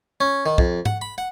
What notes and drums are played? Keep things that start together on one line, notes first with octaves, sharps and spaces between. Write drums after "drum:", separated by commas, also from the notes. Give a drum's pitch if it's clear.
C#4
D#3
F2, drum: kick
F#5, drum: tom G#2
B5
F#5